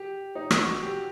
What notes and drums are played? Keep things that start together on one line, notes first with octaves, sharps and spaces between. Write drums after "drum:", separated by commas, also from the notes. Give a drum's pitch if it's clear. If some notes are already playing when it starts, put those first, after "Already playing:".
Already playing: G4
D#4
F#4, drum: rim click
G4